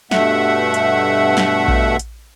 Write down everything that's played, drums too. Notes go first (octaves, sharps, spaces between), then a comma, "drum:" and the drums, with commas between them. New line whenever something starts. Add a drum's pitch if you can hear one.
G2 B2 A3 E5 F#5, drum: snare
drum: hi-hat
drum: snare
drum: kick A#1
drum: hi-hat